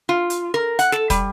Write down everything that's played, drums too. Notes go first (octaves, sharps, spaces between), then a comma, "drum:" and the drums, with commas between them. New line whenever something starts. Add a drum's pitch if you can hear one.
F4
drum: hi-hat
A#4
F#5, drum: hi-hat
A4, drum: snare
G3, drum: kick, hi-hat